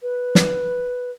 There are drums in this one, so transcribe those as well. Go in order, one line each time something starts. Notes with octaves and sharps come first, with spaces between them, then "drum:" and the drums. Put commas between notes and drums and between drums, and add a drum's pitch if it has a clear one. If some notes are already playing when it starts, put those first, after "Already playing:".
B4
drum: snare